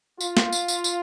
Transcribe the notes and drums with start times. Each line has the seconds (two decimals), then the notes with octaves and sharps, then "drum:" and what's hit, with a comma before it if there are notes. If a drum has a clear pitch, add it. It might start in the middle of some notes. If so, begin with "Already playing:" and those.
0.21 F4, drum: tambourine
0.37 drum: snare
0.53 drum: tambourine
0.68 drum: tambourine
0.84 drum: tambourine